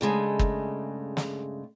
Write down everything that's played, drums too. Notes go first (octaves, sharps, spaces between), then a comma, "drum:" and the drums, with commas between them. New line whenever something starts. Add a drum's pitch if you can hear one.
G2 C#3 G#3 A3
drum: kick
drum: snare